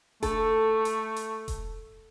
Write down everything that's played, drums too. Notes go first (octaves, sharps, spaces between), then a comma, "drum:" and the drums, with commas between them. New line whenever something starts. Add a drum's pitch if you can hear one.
A3 A4, drum: kick E1, hi-hat
drum: hi-hat
drum: hi-hat
drum: kick E1, hi-hat